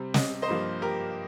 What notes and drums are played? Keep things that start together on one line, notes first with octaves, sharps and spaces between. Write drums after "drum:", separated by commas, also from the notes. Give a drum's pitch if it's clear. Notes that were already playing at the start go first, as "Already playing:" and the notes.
Already playing: C3 G3 C4
D#5, drum: snare
C5 D#5
G2 F3 A#3
G4 A#4